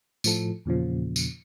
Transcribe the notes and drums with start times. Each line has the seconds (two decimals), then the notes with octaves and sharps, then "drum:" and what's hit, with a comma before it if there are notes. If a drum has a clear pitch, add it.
0.24 A2 F3 A4, drum: tambourine
0.65 E2 A#2 C#3 F3
1.16 drum: tambourine